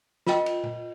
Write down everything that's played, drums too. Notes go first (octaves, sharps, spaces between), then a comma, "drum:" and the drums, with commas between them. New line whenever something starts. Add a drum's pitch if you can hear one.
F4 A#4 D#5 G5, drum: snare
drum: cymbal
drum: tom A#2